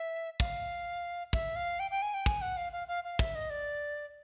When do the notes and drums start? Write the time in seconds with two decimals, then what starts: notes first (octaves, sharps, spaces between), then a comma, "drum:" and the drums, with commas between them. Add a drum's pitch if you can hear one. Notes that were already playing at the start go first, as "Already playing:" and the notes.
Already playing: E5
0.40 F5, drum: kick
1.33 E5, drum: kick
1.56 F5
1.80 G5
1.91 G5
2.02 G#5
2.14 G5
2.26 G#5, drum: kick
2.41 F#5
2.57 F5
2.72 F5
2.88 F5
3.04 F5
3.19 E5, drum: kick
3.35 D#5
3.50 D5